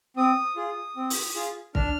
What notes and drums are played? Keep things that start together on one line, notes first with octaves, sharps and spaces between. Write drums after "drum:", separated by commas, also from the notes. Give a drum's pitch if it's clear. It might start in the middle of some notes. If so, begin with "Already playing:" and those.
C4 D#6
F4 G#4
C4
drum: open hi-hat
F4 G#4
D4 F6, drum: kick